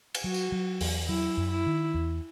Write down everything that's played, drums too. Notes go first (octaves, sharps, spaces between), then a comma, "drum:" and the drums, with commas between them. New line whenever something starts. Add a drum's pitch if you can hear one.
drum: cymbal
F#3 F#4
drum: tambourine
F#3
E2, drum: open hi-hat
F#3 E4
F#2
E4
D#3
E2